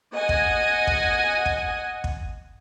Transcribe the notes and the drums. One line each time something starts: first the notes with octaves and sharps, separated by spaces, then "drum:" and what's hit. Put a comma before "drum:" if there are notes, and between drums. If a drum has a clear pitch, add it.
D#5 F#5 G#5
drum: kick
drum: kick
drum: kick
drum: kick